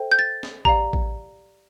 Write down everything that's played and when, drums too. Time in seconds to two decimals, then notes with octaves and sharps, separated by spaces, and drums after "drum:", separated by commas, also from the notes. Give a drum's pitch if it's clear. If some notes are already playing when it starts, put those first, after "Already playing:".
Already playing: A4 C5 E5 G5
0.12 G6
0.19 A6
0.43 drum: snare
0.65 G4 D5 F5 A#5, drum: kick A1
0.93 drum: kick A1